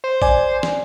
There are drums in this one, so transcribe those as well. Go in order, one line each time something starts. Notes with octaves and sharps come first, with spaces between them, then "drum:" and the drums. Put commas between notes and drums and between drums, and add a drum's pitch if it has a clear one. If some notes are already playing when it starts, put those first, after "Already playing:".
C5
D5 G#5, drum: kick A1
drum: snare